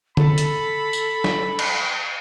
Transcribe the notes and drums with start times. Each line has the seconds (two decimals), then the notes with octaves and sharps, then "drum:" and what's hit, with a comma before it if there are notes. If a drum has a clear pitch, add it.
0.17 A4 B5, drum: tom D3
0.38 drum: hi-hat
0.93 drum: tambourine
1.24 drum: snare
1.59 drum: cymbal